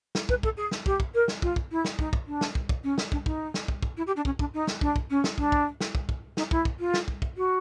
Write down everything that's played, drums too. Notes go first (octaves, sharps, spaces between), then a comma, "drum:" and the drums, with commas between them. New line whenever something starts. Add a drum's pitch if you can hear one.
drum: snare
B4, drum: kick
A4, drum: kick
G#4
drum: snare
G4, drum: kick
drum: kick
A#4
drum: snare
F4, drum: kick
drum: kick
E4
drum: snare
D#4, drum: kick
drum: kick
D4
drum: snare
drum: kick
drum: kick
C#4
drum: snare
D4, drum: kick
D#4, drum: kick
drum: snare
drum: kick
drum: kick
E4
G4
D4
C#4, drum: kick
D4, drum: kick
D#4
drum: snare
D4, drum: kick
drum: kick
C#4
drum: snare
D4, drum: kick
drum: kick
drum: snare
drum: kick
drum: kick
D#4, drum: snare
E4, drum: kick
drum: kick
F4
drum: snare
drum: kick
drum: kick
F#4